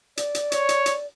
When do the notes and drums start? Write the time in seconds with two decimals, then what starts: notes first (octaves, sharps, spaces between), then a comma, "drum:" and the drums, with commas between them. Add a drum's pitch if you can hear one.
0.17 D5, drum: hi-hat
0.35 drum: hi-hat
0.52 C#5, drum: hi-hat
0.69 drum: hi-hat
0.86 drum: hi-hat